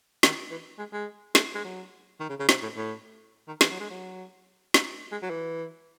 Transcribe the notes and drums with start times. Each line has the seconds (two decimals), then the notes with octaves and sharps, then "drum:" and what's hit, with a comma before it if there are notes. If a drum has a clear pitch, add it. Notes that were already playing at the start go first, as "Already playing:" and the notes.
0.23 D#3, drum: snare
0.51 E3
0.78 G#3
0.93 G#3
1.35 A3, drum: snare
1.55 G#3
1.64 F#3
2.20 D#3
2.29 C#3
2.40 C#3
2.49 C3, drum: snare
2.62 A2
2.76 A2
3.48 D#3
3.61 E3, drum: snare
3.70 F#3
3.80 G#3
3.90 F#3
4.74 drum: snare
5.12 G#3
5.22 F#3
5.30 E3